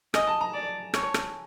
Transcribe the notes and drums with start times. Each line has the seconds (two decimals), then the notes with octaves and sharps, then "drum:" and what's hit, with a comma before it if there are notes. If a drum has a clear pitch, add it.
0.14 D#5 G#5, drum: rim click
0.27 A5
0.41 A#5
0.53 D5
0.94 C#5, drum: rim click
1.14 drum: rim click